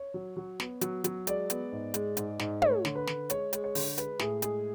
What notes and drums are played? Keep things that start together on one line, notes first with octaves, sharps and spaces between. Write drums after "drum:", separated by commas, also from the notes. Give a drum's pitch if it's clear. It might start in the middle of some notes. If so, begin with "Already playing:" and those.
Already playing: C#5
F#3
F#3
B3, drum: snare
F#3, drum: hi-hat
F#3, drum: hi-hat
G#3 D5, drum: hi-hat
B3, drum: hi-hat
G#2
G#3, drum: hi-hat
G#2, drum: hi-hat
G#2, drum: snare
A3 C#5, drum: tom
D3, drum: snare
B4
D3, drum: snare
G#3 C#5, drum: hi-hat
G#3, drum: hi-hat
C#5
D3, drum: open hi-hat
G#3 B4, drum: hi-hat
A2 G#4, drum: snare
G#3 G#4, drum: hi-hat